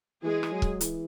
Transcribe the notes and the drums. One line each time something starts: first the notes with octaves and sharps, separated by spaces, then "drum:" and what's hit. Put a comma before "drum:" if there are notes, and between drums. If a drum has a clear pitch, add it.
E3 G#3 G#4
drum: rim click
F#3
drum: kick
E3, drum: hi-hat